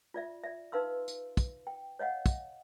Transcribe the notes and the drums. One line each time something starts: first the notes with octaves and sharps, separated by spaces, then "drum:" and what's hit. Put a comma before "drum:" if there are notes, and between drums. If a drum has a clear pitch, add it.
F4 D5 E5
D5 E5
D#4 B4 F5 C6 E6
drum: tambourine
drum: kick, tambourine
G5
C#5 D#5 F5 F#5
drum: kick, tambourine